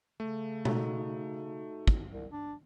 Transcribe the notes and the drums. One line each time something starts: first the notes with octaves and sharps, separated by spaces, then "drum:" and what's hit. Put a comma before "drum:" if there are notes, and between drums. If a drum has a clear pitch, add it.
C#3 A3
D#4 F#4 A4, drum: tom B2
drum: kick
C2
D4